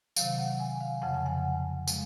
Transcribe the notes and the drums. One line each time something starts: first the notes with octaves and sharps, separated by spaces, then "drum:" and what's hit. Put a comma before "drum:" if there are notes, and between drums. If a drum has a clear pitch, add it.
C3 D#3 F#3 F5, drum: tambourine
F#5
G#5
F5
F2 C#3 F3 F#5
G#5
F#5
F3 G#3, drum: tambourine